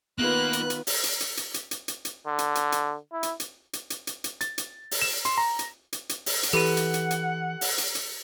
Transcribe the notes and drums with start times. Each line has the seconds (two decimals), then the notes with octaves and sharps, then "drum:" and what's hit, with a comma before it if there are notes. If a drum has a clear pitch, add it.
0.19 D#3 A#3 B3 F4 B4 F#6
0.53 drum: hi-hat
0.70 drum: hi-hat
0.87 drum: open hi-hat
1.04 drum: hi-hat
1.20 drum: hi-hat
1.37 drum: hi-hat
1.54 drum: hi-hat
1.71 drum: hi-hat
1.88 drum: hi-hat
2.05 drum: hi-hat
2.27 D3
2.38 drum: hi-hat
2.55 drum: hi-hat
2.72 drum: hi-hat
3.13 E4
3.23 drum: hi-hat
3.40 drum: hi-hat
3.73 drum: hi-hat
3.90 drum: hi-hat
4.07 drum: hi-hat
4.24 drum: hi-hat
4.41 A6, drum: hi-hat
4.58 drum: hi-hat
4.91 drum: open hi-hat
5.02 E7
5.25 C6, drum: hi-hat
5.38 A#5
5.59 drum: hi-hat
5.93 drum: hi-hat
6.09 drum: hi-hat
6.26 drum: open hi-hat
6.43 drum: hi-hat
6.53 E3 G4 A4 B4 F#5 D#7
6.77 drum: hi-hat
6.94 drum: hi-hat
7.11 drum: hi-hat
7.61 drum: open hi-hat
7.78 drum: hi-hat
7.95 drum: hi-hat